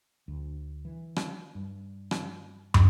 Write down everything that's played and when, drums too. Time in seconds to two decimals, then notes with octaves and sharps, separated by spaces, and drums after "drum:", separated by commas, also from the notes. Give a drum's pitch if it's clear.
0.28 D2
0.85 E3
1.16 drum: rim click
1.55 G2
2.11 drum: rim click
2.74 drum: tom